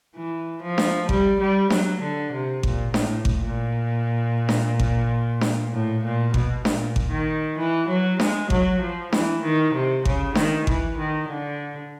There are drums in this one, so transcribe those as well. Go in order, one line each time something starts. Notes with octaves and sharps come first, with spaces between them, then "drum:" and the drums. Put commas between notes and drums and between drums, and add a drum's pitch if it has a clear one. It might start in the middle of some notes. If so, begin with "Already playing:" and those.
E3
F3
drum: snare D4
G3, drum: kick G#1
G3
F#3, drum: snare D4
D3
C3
A#2, drum: kick G#1
A2, drum: snare D4
drum: kick G#1
A#2
drum: snare D4
drum: kick G#1
drum: snare D4
A2
A#2
B2, drum: kick G#1
A#2, drum: snare D4
drum: kick G#1
D#3
E3
F#3
G#3, drum: snare D4
F#3, drum: kick G#1
F3
E3, drum: snare D4
D#3
C3
C#3, drum: kick G#1
D#3, drum: snare D4
E3, drum: kick G#1
D#3
D3